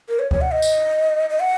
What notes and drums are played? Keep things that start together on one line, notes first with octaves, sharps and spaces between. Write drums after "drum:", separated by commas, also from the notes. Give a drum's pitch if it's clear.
A#4
C#5
C#5, drum: kick C#2
F#5
D#5
drum: tambourine
D#5
F#5